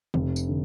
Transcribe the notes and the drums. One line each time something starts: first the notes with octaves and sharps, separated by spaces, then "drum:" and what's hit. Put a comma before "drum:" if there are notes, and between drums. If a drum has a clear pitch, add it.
F1, drum: tom C3
drum: tambourine
D3